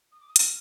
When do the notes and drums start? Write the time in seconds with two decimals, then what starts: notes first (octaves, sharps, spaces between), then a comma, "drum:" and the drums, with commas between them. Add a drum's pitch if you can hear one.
0.12 D#6
0.20 D6
0.28 D#6
0.36 F6, drum: hi-hat